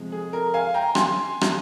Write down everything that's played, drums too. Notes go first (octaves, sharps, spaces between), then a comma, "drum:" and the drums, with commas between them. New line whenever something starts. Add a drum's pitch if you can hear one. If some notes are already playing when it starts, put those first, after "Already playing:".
Already playing: C3 F3 G#3
G#4
A#4
F5 G#5
G5 A#5
G#5 C6, drum: rim click
drum: rim click